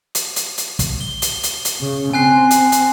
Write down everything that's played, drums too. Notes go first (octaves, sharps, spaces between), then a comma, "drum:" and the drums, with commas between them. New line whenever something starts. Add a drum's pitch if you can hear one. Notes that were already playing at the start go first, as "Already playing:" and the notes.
drum: hi-hat
drum: hi-hat
drum: hi-hat
drum: kick, hi-hat
G7
drum: hi-hat
drum: hi-hat
drum: hi-hat
C#3
C4 G#5 F#6 C7
drum: hi-hat
drum: hi-hat